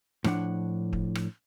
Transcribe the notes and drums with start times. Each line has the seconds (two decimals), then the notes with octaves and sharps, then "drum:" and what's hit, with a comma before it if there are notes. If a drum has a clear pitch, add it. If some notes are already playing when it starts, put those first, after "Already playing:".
0.24 A2 F3 D4 F#5, drum: rim click
0.93 drum: kick
1.15 drum: rim click